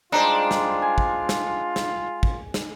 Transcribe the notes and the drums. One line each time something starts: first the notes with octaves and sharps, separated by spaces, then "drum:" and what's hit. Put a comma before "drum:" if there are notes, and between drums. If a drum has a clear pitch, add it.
G3 G#3 D4 D#4 F4 C5
drum: snare
G#5
drum: kick
drum: snare
drum: snare
drum: kick
drum: snare